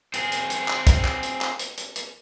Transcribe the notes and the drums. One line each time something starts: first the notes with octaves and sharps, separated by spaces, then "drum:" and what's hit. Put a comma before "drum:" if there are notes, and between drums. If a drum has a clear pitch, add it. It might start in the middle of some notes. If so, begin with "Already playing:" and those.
C4 G#4, drum: hi-hat
drum: hi-hat
drum: hi-hat
drum: clap
drum: kick, hi-hat
drum: clap
drum: hi-hat
drum: clap
drum: hi-hat
drum: hi-hat
drum: hi-hat